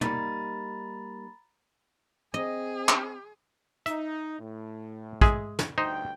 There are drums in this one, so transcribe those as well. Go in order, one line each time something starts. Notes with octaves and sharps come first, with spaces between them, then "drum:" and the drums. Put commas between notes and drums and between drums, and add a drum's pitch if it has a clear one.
G3 A#3 D#4 A#5 B5 A6, drum: tom
C4 G#4 D#5
drum: clap
D#4 E5, drum: hi-hat
A2
G#3 G#4 E5, drum: kick
drum: snare
D2 G2 D#4 C5 G5